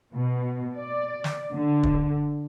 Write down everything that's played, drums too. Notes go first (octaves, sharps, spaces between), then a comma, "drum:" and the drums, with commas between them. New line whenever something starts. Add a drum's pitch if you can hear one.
B2
D5
drum: snare
D3
drum: kick